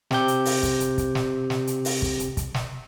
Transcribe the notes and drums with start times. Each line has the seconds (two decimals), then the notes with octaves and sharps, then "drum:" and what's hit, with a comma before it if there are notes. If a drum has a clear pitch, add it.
0.11 C3 C4 G4 G6, drum: snare
0.28 drum: hi-hat
0.45 drum: open hi-hat
0.63 drum: kick, hi-hat
0.80 drum: hi-hat
0.98 drum: kick, hi-hat
1.15 drum: snare
1.50 drum: snare
1.67 drum: hi-hat
1.85 drum: open hi-hat
2.02 drum: kick
2.20 drum: hi-hat
2.37 drum: kick, hi-hat
2.54 drum: snare